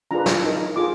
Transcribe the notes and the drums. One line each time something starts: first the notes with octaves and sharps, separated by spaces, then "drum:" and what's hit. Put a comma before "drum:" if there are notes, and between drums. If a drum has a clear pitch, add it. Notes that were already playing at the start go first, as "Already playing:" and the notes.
D4 F4 G#4 B4 A#5
drum: snare
D#4 A#4
F4 G#4 D6